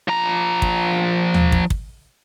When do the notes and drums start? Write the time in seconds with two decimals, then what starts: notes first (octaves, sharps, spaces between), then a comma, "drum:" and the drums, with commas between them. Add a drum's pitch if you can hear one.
0.08 F3 A#5
0.62 drum: kick
1.34 drum: tom D#2
1.52 drum: kick
1.70 drum: kick